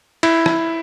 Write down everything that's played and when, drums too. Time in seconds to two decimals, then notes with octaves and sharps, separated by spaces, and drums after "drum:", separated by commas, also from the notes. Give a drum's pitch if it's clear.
0.23 E4, drum: cymbal
0.46 drum: rim click